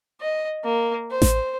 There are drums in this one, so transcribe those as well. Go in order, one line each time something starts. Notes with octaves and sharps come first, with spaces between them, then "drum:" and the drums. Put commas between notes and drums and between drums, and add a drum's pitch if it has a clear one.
D#5
A#3
C5
drum: snare A1